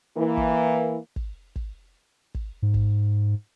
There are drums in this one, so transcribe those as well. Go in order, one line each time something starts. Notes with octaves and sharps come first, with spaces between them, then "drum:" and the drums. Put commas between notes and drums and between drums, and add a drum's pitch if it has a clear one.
E3 A#3
drum: kick
drum: kick
drum: kick
drum: kick
G#2
drum: kick